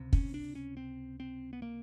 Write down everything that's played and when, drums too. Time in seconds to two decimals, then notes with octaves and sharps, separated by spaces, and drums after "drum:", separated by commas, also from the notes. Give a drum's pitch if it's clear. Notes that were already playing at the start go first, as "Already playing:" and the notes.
Already playing: C#2 C3
0.13 C#4, drum: kick
0.34 D4
0.55 C#4
0.77 C4
1.20 C4
1.53 B3
1.62 A#3